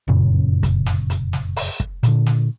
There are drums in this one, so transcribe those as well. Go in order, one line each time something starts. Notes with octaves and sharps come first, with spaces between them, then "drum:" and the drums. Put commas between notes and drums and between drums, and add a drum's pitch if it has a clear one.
F1 F#2 A#2 C#3
drum: kick, hi-hat
drum: snare
drum: hi-hat
drum: snare
drum: open hi-hat
drum: kick
A#2 D3, drum: hi-hat
drum: snare